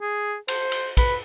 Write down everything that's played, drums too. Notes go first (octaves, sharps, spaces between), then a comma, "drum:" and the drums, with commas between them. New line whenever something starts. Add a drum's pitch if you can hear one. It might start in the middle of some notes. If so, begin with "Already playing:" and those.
G#4
C5, drum: cymbal
drum: cymbal
B4, drum: kick, cymbal